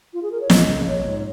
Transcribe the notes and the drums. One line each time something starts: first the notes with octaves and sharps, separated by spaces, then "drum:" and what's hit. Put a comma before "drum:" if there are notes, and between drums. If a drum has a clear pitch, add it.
F4
G#4
A#4
C#5
A#1 A#2 D#5, drum: snare
C#2 C#3
A#1 A#2 C#5
G#2